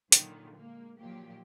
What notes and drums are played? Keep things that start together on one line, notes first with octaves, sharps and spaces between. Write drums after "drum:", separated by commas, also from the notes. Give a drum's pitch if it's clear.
A#2 D3 D#3 F#3, drum: hi-hat
G#3 A#3
A#2 D#3 F3 F#3 A#3 G4